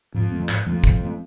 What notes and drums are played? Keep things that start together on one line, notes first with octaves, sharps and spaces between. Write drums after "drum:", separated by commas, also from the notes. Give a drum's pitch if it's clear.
F2 G#2
F3 A3 C4
G#2, drum: clap
F2 F3 A3 C4
G#2, drum: kick, hi-hat
F3 A3 C4